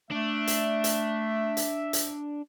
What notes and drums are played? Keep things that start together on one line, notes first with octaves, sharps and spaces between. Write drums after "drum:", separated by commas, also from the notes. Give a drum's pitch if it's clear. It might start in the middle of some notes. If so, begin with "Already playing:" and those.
A3 D4 E5
drum: hi-hat
drum: hi-hat
drum: hi-hat
drum: hi-hat